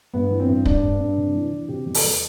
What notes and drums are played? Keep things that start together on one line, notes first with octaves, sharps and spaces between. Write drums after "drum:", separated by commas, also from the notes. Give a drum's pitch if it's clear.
G2 B3
E3
C4
G2
G2 D4, drum: kick
G2
G2
C3
E3
E3
C3 G4
E2
A4, drum: open hi-hat
E2